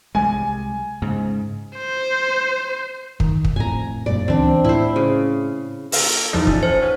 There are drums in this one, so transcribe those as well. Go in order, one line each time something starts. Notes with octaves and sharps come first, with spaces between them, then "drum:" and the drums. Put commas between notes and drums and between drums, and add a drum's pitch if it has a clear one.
C2 G3 G#3 G#5
G#2 C#3
C5
D#3, drum: kick
drum: kick
F2 A2 G#5 A#5
F1 G2 A#2 D5
D1 C#2 E3 C4 D4
A2 E4 C5
C#3
A#3 F4 A4, drum: open hi-hat
E2 F3 G3 D4 D#4
C#3 A3 C#4, drum: kick
C5
B3 C#4 B4